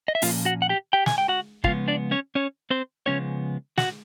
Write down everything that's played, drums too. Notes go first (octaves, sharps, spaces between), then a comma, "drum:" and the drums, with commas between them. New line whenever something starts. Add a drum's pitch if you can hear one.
D#5
E5
A#2 F3 A#3 C#4 F4 F5, drum: open hi-hat
F#4 F#5
F#5
G4 G5
G4 G5
G#5, drum: snare
G5
F#4 F#5
C#3 F3 G#3 B3 F4 F5, drum: kick
D4 D5
C#4 C#5
C#4 C#5
C4 C5
C#3 F3 G#3 B3 C#4 C#5
F#4 F#5, drum: snare